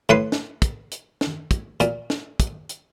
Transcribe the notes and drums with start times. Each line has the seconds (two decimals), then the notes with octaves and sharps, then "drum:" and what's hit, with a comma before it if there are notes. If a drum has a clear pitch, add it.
0.09 A2 B4 C6
0.32 drum: snare
0.62 drum: kick, hi-hat
0.91 drum: hi-hat
1.21 drum: snare
1.51 drum: kick, hi-hat
1.80 A#2, drum: hi-hat
2.10 drum: snare
2.40 drum: kick, hi-hat
2.69 drum: hi-hat